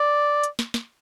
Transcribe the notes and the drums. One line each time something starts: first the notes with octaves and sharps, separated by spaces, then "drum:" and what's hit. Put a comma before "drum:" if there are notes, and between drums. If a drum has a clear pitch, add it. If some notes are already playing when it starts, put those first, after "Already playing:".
Already playing: D5
drum: hi-hat
drum: snare
drum: snare